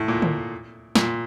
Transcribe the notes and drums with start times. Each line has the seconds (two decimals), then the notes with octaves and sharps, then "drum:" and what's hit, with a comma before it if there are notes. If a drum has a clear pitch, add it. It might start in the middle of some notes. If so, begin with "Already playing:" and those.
Already playing: A2
0.08 A#2
0.22 drum: tom D3
0.95 A#2, drum: snare